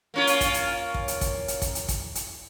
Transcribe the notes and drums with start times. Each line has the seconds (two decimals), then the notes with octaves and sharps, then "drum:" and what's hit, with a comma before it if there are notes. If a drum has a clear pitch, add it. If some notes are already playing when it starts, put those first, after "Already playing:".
0.14 A#3 C#4 F4
0.27 drum: hi-hat
0.41 drum: kick, hi-hat
0.54 drum: hi-hat
0.94 drum: kick
1.08 drum: hi-hat
1.21 drum: kick, hi-hat
1.48 drum: hi-hat
1.62 drum: kick, hi-hat
1.75 drum: hi-hat
1.88 drum: kick, hi-hat
2.15 drum: hi-hat